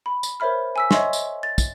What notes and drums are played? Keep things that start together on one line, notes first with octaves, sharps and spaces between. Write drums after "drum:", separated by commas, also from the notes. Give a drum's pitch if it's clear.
B5
drum: tambourine
A#4 C5 C#5 E5 B5 F6
G#5 E6 B6
C#5 D#5 E5 G#5 C6 C#6, drum: snare
drum: tambourine
A6
drum: kick, tambourine